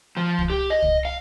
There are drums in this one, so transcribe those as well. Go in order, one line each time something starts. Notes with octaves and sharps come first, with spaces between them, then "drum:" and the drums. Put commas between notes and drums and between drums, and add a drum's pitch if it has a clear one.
F3
drum: kick
G4
D#5
drum: kick
F5